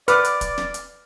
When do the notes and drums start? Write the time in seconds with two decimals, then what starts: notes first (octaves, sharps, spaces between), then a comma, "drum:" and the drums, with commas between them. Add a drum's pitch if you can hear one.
0.08 B4 D5 D6 F6, drum: hi-hat
0.24 drum: hi-hat
0.41 drum: kick, hi-hat
0.58 drum: snare
0.74 drum: hi-hat